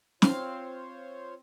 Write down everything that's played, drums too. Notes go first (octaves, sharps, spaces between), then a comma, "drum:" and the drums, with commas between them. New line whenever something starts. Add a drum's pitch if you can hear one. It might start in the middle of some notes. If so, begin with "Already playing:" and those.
C4 F4 C5 C#5 F5, drum: snare